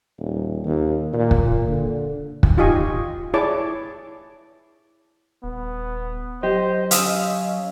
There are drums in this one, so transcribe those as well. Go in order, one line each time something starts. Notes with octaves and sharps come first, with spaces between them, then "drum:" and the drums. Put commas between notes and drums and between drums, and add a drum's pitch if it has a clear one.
D#1
D#2
A#2
drum: kick
D3
drum: kick
D#4 F4 G4 D#5 G#5 C#6
E4 G#4 C#5 D5 A5 D6
D#1 B3
F#3 G4 C5 D#5
C#4 F5 D#6 E6, drum: hi-hat